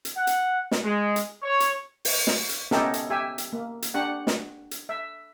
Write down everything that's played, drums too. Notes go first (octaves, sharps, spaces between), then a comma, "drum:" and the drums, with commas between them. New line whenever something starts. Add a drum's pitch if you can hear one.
drum: hi-hat
F#5
drum: hi-hat
drum: snare
G#3
drum: hi-hat
C#5
drum: hi-hat
drum: open hi-hat
drum: snare
drum: hi-hat
B3 C#4 D#4 E4 G4 A4, drum: snare
drum: hi-hat
G4 E5 G#5
drum: hi-hat
A#3
drum: hi-hat
D4 G4 F#5
drum: snare
drum: hi-hat
E5